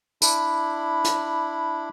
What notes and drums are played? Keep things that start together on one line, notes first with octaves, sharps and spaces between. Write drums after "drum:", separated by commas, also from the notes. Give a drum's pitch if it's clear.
D4 E4 B5, drum: tambourine
drum: hi-hat